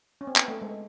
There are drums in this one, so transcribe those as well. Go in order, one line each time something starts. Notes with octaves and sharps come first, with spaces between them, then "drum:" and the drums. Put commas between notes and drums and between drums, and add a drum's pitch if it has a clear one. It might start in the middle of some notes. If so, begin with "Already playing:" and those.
C#4
C4
B3, drum: clap
A3
G#3